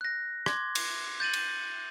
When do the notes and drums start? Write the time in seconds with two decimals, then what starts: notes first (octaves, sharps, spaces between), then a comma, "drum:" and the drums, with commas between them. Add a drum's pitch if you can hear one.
0.01 F#6 A#6
0.46 C6 D6 G#6, drum: rim click
0.75 drum: cymbal
1.20 G6 A6 D#7 F#7
1.33 drum: cymbal